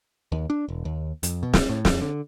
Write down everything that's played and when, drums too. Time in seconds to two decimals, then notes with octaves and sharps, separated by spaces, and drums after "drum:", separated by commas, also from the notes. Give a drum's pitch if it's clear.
0.32 D#2
0.50 D4
0.68 E1
0.85 D#2
1.23 F2, drum: hi-hat
1.43 B2
1.54 drum: snare
1.69 A2
1.85 F2, drum: snare
2.01 D3